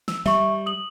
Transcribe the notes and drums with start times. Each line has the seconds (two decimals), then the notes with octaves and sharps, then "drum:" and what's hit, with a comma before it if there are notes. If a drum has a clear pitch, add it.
0.08 E6, drum: snare
0.26 G3 E5 C#6, drum: snare
0.66 D#6 F#7